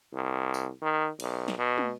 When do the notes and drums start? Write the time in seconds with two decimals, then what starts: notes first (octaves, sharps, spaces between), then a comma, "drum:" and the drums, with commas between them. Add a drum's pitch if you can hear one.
0.14 C2
0.54 drum: tambourine
0.82 D#3
1.20 B1, drum: cymbal
1.48 drum: snare
1.58 B2
1.78 drum: tom